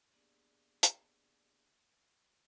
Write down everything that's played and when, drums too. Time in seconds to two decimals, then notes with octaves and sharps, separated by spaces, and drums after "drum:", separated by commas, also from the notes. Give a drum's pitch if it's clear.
0.13 A#3 B3 D4 G4 G#4 D5
0.83 drum: hi-hat